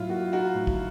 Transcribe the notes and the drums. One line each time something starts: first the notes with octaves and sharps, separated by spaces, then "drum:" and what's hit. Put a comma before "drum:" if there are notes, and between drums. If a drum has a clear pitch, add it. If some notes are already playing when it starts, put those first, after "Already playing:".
Already playing: A2 F#3 E4 F4
A#3 F#4
D#4 F#4
A2
drum: kick